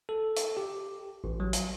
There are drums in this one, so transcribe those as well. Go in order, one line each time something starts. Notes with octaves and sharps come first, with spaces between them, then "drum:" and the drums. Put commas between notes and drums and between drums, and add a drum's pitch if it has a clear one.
A4
drum: hi-hat
G4
A1
F#3
drum: hi-hat